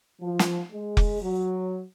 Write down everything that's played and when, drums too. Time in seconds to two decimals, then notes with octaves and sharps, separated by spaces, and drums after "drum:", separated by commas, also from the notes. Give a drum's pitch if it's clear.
0.20 F3
0.39 drum: snare
0.71 G#3
0.97 drum: kick F1
1.21 F#3